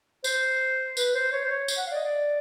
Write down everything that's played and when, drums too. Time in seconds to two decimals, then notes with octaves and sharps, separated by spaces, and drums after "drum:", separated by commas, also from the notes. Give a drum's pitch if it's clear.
0.24 C5, drum: tambourine
0.97 B4, drum: tambourine
1.15 C5
1.32 C#5
1.44 C5
1.51 C#5
1.68 drum: tambourine
1.77 F#5
1.87 F5
1.91 D5
1.95 D#5
2.05 D5